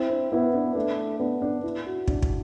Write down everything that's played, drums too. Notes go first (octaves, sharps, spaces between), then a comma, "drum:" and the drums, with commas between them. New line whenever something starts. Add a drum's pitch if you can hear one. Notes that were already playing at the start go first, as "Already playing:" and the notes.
Already playing: C4 E4
D4
B3 E4
D4
A3 D4
B3 D4
D4
E4
F#4
D4, drum: kick
drum: kick